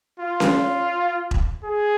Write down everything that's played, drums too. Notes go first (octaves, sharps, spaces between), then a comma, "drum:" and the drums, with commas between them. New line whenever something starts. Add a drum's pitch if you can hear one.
F4
drum: snare C#4
drum: kick E1
G#4